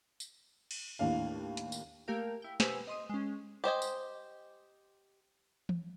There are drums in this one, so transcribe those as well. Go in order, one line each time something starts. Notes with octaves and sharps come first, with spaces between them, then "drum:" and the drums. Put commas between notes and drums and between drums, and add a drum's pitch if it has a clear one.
drum: tambourine
drum: cymbal
D#2 A2 D4 F5
drum: hi-hat
drum: tambourine
A3 A#3 G4 A#4 F5
E4 G5
B2 G4 B4 C5 G#5 E6, drum: snare
D#5 C6 D#6
G#3 C#4
G4 C5 D#5 G#5
drum: tambourine
drum: tom E3